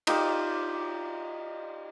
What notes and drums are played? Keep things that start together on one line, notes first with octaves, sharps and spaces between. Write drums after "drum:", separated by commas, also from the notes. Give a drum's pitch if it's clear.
D#4 F4 G4 D5, drum: cymbal